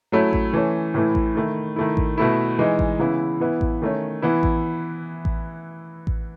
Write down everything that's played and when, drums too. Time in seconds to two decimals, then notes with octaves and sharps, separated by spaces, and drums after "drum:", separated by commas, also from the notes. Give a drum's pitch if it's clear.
0.12 F#3 A3 C#4 E4
0.33 drum: kick A1
0.53 E3 A3 C#4
0.94 A2 E3 A3 E4
1.15 drum: kick A1
1.35 D#3 A3 E4
1.76 D#3 A3 E4
1.97 drum: kick A1
2.18 B2 A3 E4
2.59 E3 G#3 D#4
2.79 drum: kick A1
3.00 C#3 E3 B3 E4
3.41 E3 B3 E4
3.61 drum: kick A1
3.82 D#3 A3 C#4
4.22 E3 B3 E4
4.43 drum: kick A1
5.25 drum: kick A1
6.07 drum: kick A1